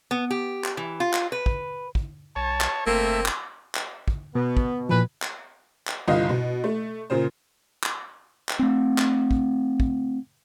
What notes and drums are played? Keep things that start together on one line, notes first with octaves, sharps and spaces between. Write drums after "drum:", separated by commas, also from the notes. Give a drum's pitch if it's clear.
B3
G4
drum: clap
E3
F4
drum: clap
B4
drum: kick
drum: kick
B1 C#5 A5
drum: clap
F#1 A3 A#3 C4 E5
drum: clap
drum: clap
drum: kick
B2 B3
drum: kick
A#2 E3 F3 B4
drum: clap
drum: clap
G1 C2 F4 D#5 F5
B2
A3
A#2 C#3 C5
drum: clap
drum: clap
A3 C4
drum: clap
drum: kick
drum: kick